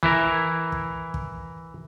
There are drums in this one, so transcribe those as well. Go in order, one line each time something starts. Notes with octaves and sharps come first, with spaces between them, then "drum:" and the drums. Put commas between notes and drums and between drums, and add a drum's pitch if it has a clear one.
E3 E4 A#4, drum: kick
drum: kick
drum: kick